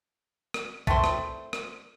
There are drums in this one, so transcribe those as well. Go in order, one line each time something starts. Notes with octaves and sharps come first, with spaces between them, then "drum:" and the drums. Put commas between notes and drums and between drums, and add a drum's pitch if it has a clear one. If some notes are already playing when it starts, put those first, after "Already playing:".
drum: rim click
A3 C4 E4 C5, drum: kick B1
drum: rim click
drum: rim click